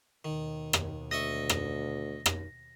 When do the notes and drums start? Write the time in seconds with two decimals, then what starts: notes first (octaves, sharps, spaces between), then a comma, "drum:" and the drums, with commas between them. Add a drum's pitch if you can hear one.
0.25 D#2 B2 D#3
0.73 drum: rim click
1.11 D2 D#5 E5 C#6 A#6
1.49 drum: rim click
2.26 drum: rim click